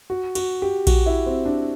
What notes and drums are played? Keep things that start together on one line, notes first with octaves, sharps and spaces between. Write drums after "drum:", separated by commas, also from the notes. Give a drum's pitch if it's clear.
F#4
F#4, drum: cymbal
G4
F#4, drum: kick A#1, cymbal
E4
C4
D4